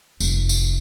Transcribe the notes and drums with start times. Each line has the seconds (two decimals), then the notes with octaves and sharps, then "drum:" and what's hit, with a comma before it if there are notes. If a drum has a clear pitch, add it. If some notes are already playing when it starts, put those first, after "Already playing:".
0.20 F1, drum: tambourine
0.49 drum: tambourine